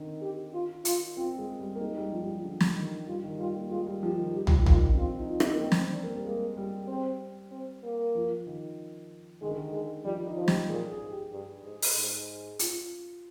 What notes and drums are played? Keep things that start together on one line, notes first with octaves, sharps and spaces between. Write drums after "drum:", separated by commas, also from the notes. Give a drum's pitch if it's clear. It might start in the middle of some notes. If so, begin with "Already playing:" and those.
Already playing: D3 D#3 C4
G4
F4
F4, drum: hi-hat
C4 F4
G#3
G3
A#3
G#3 D#4
G3
F3
G3
F3
D3
drum: snare
D#3
G3 F4
D#3
G3 F4
A#3
G#3 F4
G3
F3 G4
D#3
G3 G4
F3, drum: tom
D#3
F4, drum: tom
F3
C4
D4 F4
D#4
F4
D#4, drum: rim click
A#3
C4 D#4
drum: snare
C4
D4
A#3
G3
G#3 A#3
G3
C4
C4
A#3
F3
D#3
D#3 G#3
D3
D#3
G#3
F3 G3
D#4
F3
G4, drum: snare
A#2 G#4
G#4
G#2
G4
G2
G#2
drum: open hi-hat
G#2
F4, drum: hi-hat